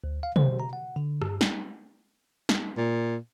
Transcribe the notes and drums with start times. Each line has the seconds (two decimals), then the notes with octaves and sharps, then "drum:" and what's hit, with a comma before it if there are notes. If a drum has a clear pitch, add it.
0.04 D2
0.23 F5
0.36 C5, drum: tom
0.60 A#5
0.73 F#5
0.96 D3
1.22 G2, drum: rim click
1.41 drum: snare
2.49 drum: snare
2.77 A#2